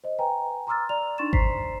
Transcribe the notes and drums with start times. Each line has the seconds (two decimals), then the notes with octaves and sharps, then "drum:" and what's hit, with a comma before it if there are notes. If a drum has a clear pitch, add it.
0.04 C5 D#5
0.19 B4 G5 G#5 A#5
0.67 A#5 C6 D6 E6 F6 A6
0.89 D5 A#5 F7
1.18 D4 D#4 C6 C#6 A6 E7
1.33 C5 A#5 C6 B6 C7, drum: kick G#1